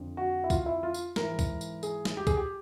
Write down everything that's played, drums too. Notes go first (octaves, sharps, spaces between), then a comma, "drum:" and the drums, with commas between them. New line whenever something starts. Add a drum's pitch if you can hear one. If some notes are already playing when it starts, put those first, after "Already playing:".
Already playing: F2 D3
F#4
E4
F4, drum: kick, tambourine
E4
F4
drum: tambourine
G#2 E3 A#4, drum: snare
drum: kick, tambourine
drum: tambourine
G#4, drum: tambourine
drum: snare
G4
G#4, drum: kick, tambourine
G4